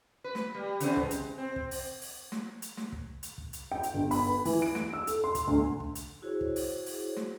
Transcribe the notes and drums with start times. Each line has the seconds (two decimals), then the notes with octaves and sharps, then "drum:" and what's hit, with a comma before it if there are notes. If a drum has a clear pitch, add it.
0.24 B4
0.35 drum: snare
0.55 G3
0.80 C#3 E3 C4, drum: hi-hat
0.97 G#3, drum: kick
1.11 drum: hi-hat
1.38 C4
1.56 drum: kick
1.71 drum: open hi-hat
2.01 drum: open hi-hat
2.32 drum: snare
2.62 drum: hi-hat
2.77 drum: snare
2.92 drum: kick
3.23 drum: hi-hat
3.38 drum: kick
3.53 drum: hi-hat
3.72 G5
3.83 drum: hi-hat
3.94 G1
4.11 B5, drum: open hi-hat
4.27 B4
4.45 E3, drum: open hi-hat
4.62 D7
4.75 D7, drum: snare
4.94 E6
5.07 A4, drum: hi-hat
5.24 C6
5.35 drum: kick, hi-hat
5.47 D2
5.80 drum: kick
5.95 drum: hi-hat
6.22 E4 F#4 G#4 C5 C#5
6.41 drum: kick
6.56 drum: open hi-hat
6.86 drum: open hi-hat
7.16 drum: snare